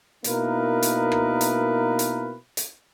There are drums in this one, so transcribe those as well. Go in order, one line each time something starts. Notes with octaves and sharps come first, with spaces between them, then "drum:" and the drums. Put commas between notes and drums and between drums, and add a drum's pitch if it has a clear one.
B2 A#3 D#4 E4 A#4 B4, drum: hi-hat
drum: hi-hat
drum: rim click
drum: hi-hat
drum: hi-hat
drum: hi-hat